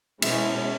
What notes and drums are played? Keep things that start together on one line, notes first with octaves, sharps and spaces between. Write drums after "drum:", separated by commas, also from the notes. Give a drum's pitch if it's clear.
B2 G#3 C#4 E4 E5, drum: cymbal